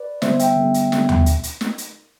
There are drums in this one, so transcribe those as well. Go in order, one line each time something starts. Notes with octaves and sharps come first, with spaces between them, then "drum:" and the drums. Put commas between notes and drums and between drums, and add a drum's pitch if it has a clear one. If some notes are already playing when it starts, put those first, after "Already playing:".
Already playing: B4 D5
D3 G3 B3 C5 E5, drum: snare
E5 G5, drum: hi-hat
D3 G3 B3
drum: hi-hat
D3 G3 B3, drum: snare
drum: tom
drum: hi-hat
drum: hi-hat
drum: snare
drum: hi-hat